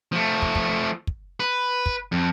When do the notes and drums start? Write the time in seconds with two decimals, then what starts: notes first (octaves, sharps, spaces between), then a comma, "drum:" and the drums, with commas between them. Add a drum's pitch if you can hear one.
0.13 F3 A3
0.42 drum: kick
0.55 drum: kick
1.07 drum: kick
1.40 B4
1.86 drum: kick
2.12 F2